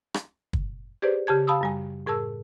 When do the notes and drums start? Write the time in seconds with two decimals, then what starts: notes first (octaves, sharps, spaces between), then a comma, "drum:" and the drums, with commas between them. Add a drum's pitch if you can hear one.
0.14 drum: rim click
0.53 drum: kick
1.02 G4 G#4 B4 C5 D5
1.27 C#3 G4 A5 G#6
1.47 F5 A5 B5 D#6 E6
1.61 F#2 G3 G#5
2.06 A2 G#4 A#4 A5 E6